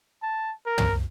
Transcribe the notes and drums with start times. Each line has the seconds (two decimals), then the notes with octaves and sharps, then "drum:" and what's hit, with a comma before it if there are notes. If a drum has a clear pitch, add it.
0.22 A5
0.66 A#4
0.78 drum: tom